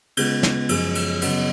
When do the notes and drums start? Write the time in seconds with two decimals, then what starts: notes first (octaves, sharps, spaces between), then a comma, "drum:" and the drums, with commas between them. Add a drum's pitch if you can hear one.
0.17 C#3 G#3 B3 F4, drum: cymbal
0.43 drum: snare
0.69 F#2 F3 G#3 C#4 G#4, drum: cymbal
0.95 drum: cymbal
1.21 C#3 F#3 B3 F#4, drum: cymbal